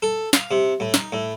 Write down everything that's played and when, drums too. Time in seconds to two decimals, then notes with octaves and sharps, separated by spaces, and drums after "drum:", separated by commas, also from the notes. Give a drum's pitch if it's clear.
0.02 A4
0.33 F5, drum: snare
0.51 C3
0.80 A2
0.94 D#4, drum: snare
1.12 A2